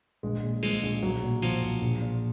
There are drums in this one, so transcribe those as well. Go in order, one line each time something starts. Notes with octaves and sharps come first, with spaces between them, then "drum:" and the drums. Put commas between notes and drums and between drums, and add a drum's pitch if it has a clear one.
A#1 G#3
A#2
F3 G#3, drum: cymbal
A#1
B1 F#3
A#2
F3, drum: cymbal
B1
A#1
A#2